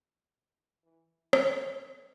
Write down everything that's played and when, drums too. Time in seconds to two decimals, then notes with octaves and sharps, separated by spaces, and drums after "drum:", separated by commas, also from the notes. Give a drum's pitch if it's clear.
0.84 E3
1.33 A3, drum: rim click